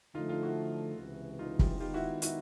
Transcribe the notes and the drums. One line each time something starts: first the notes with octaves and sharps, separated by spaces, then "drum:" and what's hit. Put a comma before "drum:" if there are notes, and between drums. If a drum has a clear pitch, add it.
D3 F3 A3 D#4 F4
D#4 F4
E4 F#4
C#2 C3 E3
D#4 F4
F4 G4, drum: kick
D#3 G#3 B3 D#4 F4 G4
E4 F#4
E4 F#4, drum: hi-hat